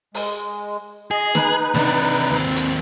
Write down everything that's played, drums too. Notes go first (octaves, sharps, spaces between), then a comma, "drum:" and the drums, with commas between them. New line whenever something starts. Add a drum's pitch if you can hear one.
G#3, drum: open hi-hat
G#4 D#5
D#4 B4, drum: snare
C3 D4, drum: snare
D#2 C4
drum: hi-hat